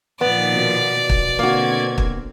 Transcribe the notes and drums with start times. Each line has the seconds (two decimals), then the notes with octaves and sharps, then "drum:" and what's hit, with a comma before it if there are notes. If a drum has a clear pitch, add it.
0.21 A#2 D#3 F3 B3 D5
0.53 B2
1.09 drum: kick
1.39 D3 A#3 C4 F#4 G#6
1.98 drum: kick